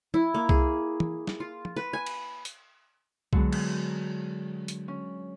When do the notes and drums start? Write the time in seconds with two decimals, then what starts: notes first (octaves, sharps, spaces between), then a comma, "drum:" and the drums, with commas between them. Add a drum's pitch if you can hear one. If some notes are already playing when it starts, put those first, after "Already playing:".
0.14 E4, drum: tom
0.34 A#3
0.49 G#4, drum: kick C2
1.00 drum: tom
1.27 drum: snare
1.40 F4
1.65 drum: tom
1.76 B4
1.93 G#5
2.06 drum: cymbal
2.45 drum: hi-hat
3.33 D3 F#3 G#3 B3 G#4, drum: kick C2
3.53 drum: cymbal
4.68 drum: hi-hat
4.88 C#4